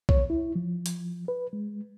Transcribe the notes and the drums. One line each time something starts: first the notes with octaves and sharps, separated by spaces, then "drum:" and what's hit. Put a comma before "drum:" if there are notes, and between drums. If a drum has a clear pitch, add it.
C#5, drum: kick B1
E4
F3
drum: hi-hat
B4
G#3